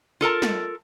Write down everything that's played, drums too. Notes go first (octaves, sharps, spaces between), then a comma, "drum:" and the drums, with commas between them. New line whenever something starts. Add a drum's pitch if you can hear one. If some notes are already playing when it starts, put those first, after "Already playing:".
F4 A4 A#4 A5
drum: snare